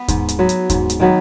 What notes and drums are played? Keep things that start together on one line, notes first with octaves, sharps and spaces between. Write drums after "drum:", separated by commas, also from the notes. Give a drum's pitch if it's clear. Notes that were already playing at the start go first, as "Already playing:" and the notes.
Already playing: B3
G#2, drum: kick D#2, hi-hat
drum: hi-hat
F#3 B3
drum: hi-hat
G#2, drum: kick D#2, hi-hat
drum: hi-hat
D#3 F#3 B3